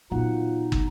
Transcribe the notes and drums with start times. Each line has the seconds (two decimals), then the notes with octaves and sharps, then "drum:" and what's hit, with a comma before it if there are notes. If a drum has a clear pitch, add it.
0.11 A#2 E3 F#3 B3 D#4 F4 F#5
0.72 drum: kick